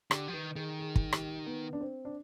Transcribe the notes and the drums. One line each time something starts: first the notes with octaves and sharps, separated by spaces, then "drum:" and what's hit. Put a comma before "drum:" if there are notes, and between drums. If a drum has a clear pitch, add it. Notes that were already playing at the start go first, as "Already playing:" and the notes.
D3 G4, drum: rim click
F3
D#3 B4
D#3 G#4
G#4
drum: kick
G4, drum: rim click
B3
D4
C4
D4